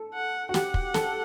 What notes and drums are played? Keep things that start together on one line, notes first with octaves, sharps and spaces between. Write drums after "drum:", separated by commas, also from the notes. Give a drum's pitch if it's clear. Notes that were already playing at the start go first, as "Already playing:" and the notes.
Already playing: A4
F#5
F#4
G4 F#5, drum: snare
drum: kick
A4, drum: snare